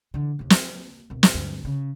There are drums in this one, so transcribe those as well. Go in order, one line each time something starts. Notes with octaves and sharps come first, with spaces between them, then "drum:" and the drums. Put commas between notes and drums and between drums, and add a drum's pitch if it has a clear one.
D3 E3
D#2 C3
A#3, drum: snare
C2 B2
drum: snare
D2 G2
C#3